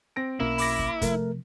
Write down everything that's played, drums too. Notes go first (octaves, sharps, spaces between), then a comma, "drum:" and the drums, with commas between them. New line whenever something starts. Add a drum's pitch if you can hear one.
C4 A#6 D7
B1 B2 A#3 C#4 E4
B5 D6 A#6, drum: open hi-hat
drum: kick
C3 F3 A3 A#4, drum: kick, hi-hat